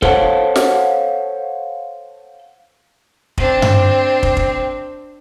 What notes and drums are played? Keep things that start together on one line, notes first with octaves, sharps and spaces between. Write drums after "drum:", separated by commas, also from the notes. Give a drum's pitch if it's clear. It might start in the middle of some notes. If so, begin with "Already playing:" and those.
A4 C5 C#5 F5 F#5 A5, drum: kick
drum: snare
C4 D4, drum: kick
drum: tom G2
drum: kick
drum: kick